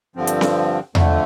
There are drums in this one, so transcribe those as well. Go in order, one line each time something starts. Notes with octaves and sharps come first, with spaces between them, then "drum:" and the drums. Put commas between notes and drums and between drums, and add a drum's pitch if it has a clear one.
G2 D3 F3 C4
drum: hi-hat
drum: snare C4
F2 D3 A3, drum: tom E2